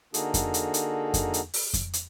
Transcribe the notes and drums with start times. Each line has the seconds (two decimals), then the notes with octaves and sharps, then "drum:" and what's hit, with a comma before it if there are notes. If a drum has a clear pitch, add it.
0.14 D3 A#3 D#4 F#4 G#4 A4, drum: hi-hat
0.34 drum: kick F2, hi-hat
0.54 drum: hi-hat
0.74 drum: hi-hat
1.14 drum: kick F2, hi-hat
1.34 drum: hi-hat
1.54 drum: open hi-hat
1.73 drum: kick F2, hi-hat
1.93 drum: hi-hat